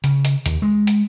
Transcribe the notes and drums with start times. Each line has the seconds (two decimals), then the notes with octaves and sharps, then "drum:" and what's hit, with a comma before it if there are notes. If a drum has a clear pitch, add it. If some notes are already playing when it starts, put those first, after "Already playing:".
0.04 C#3, drum: hi-hat
0.25 drum: hi-hat
0.46 D#2, drum: hi-hat
0.62 G#3
0.87 drum: hi-hat